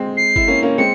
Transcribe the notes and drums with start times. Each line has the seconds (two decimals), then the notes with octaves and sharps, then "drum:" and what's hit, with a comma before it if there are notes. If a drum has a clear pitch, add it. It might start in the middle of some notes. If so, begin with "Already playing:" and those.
Already playing: G#3 C4
0.17 C7
0.36 E4, drum: kick G1
0.48 A#3 C#4
0.63 A#3 C#4
0.78 G#3 C4 C#7